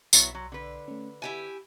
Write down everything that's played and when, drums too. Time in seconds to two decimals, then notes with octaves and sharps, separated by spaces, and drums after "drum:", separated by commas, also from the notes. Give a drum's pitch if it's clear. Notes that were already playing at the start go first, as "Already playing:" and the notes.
0.13 B1 F#3 B3 E4 C6 E6, drum: tambourine
0.35 F#3
0.52 D3 B4
0.88 A3 C#4
1.22 E4 G4 E5 F#5 G#5